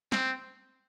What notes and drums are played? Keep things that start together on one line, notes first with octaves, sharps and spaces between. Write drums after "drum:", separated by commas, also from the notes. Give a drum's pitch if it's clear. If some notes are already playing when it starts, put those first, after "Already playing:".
C4, drum: snare